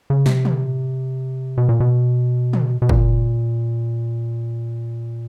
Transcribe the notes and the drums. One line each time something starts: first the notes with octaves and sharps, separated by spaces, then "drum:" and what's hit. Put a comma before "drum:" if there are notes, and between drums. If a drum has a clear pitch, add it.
C#3
C3, drum: snare
drum: tom
B2
A#2
B2
drum: tom
B2
A#2, drum: kick